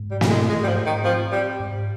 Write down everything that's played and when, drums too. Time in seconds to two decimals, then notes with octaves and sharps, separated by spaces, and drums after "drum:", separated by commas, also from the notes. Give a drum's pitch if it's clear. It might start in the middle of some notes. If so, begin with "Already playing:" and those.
Already playing: G#2
0.11 G3
0.21 C4, drum: snare
0.31 G#3
0.49 G#2 G#3
0.63 G3
0.68 F3
0.77 G#2
0.86 D#3
1.04 F3 C4
1.32 G3 C4
1.60 G#2